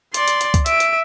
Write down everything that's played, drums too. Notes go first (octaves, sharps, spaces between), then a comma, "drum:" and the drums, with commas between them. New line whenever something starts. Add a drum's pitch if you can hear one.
D5 C6, drum: hi-hat
drum: hi-hat
drum: hi-hat
drum: kick C#2, hi-hat
E5 D7, drum: hi-hat
drum: hi-hat